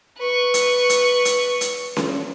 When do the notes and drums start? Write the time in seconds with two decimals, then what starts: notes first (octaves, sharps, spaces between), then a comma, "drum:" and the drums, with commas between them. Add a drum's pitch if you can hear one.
0.18 B4 C#6
0.54 drum: hi-hat
0.89 drum: hi-hat
1.25 drum: hi-hat
1.61 drum: hi-hat
1.97 drum: snare C#4